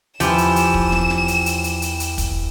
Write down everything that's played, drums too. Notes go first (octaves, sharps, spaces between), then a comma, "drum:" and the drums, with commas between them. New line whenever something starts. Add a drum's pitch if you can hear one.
E2 E3 F3 G4 E7, drum: hi-hat
drum: hi-hat
drum: hi-hat
drum: kick
drum: snare
drum: snare
drum: hi-hat
drum: hi-hat
drum: hi-hat
drum: hi-hat
drum: hi-hat
drum: kick, hi-hat